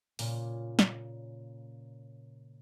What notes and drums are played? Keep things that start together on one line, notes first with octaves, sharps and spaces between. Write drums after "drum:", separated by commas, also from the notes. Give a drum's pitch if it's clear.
A#2 C#3, drum: open hi-hat
drum: snare